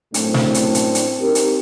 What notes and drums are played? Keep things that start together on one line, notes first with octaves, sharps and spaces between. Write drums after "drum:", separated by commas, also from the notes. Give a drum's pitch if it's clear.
F#2 A2 A3 C4 D4, drum: hi-hat
drum: snare
drum: hi-hat
drum: hi-hat
drum: hi-hat
C4 D#4 G4 A#4
drum: hi-hat